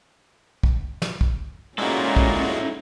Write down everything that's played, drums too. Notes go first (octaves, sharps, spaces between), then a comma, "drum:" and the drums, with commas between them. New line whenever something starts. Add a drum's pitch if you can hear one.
drum: kick
drum: snare
drum: kick
A#2 G#3 C#4 D#4 E4 F#4 A4
drum: kick